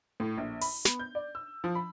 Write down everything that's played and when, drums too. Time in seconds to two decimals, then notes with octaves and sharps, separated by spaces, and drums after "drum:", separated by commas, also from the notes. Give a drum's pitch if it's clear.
0.20 A2
0.38 A#1
0.61 B5, drum: open hi-hat
0.85 B3, drum: snare
0.99 G6
1.15 D5
1.35 E6
1.64 F3
1.75 B5